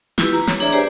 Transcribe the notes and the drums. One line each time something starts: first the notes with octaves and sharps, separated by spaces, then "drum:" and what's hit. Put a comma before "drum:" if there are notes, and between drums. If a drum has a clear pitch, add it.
E4 F4 G4 B4, drum: snare
A#5
C#5, drum: snare
D4 G#4 C#5 D5 E5 A#5
G4 B4 C5 D5 G#5